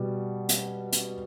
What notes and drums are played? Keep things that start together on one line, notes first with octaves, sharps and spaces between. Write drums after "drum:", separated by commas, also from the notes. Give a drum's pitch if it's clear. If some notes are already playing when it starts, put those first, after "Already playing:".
Already playing: B2 G3
drum: hi-hat
drum: hi-hat